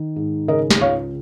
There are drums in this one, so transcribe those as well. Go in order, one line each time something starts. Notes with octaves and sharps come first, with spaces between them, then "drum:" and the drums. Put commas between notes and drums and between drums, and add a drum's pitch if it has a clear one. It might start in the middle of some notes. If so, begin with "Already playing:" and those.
Already playing: D#3
G#2
C#3 A#4 D#5
drum: snare
C#2 C#5 F5